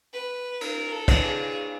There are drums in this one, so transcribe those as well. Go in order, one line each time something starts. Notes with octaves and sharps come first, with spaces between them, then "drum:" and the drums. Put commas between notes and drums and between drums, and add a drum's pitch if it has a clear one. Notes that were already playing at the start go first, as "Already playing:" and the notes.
B4
A#4, drum: cymbal
A4
drum: kick, cymbal
G#4